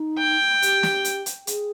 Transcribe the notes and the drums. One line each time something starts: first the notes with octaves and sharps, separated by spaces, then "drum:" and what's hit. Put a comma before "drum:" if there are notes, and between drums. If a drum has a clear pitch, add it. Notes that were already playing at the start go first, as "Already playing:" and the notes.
Already playing: D#4
G5
G4, drum: hi-hat
drum: snare
drum: hi-hat
drum: hi-hat
G#4, drum: hi-hat